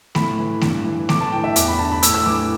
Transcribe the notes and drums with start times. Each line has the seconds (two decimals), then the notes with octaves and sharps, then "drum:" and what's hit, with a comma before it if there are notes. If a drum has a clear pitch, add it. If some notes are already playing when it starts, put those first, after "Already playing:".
0.15 A2 B5, drum: snare A3
0.39 E3
0.61 G2, drum: snare A3
0.85 E3
1.09 A2 D6, drum: snare A3
1.21 A5
1.32 E3 G5
1.44 E5
1.56 E2 D6, drum: hi-hat
1.68 B5
1.79 D3 A5
1.92 B5
2.03 A2 E6, drum: hi-hat
2.14 E6
2.26 E3 D6